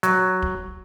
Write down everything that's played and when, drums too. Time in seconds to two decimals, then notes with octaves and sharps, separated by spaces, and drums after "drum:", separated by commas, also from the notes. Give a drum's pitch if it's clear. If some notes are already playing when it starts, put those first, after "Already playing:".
0.03 F#3, drum: hi-hat
0.42 drum: kick